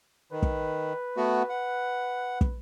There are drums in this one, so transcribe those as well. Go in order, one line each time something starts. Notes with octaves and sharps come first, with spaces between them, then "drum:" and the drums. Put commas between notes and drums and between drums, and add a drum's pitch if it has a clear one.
D#3 B4
drum: kick
A3 B3 F#4
F#5
drum: kick